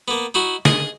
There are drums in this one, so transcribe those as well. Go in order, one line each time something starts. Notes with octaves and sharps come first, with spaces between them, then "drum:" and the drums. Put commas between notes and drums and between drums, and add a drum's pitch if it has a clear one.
A#3 B3
D#4 E4 F#4
G#4 D#5, drum: snare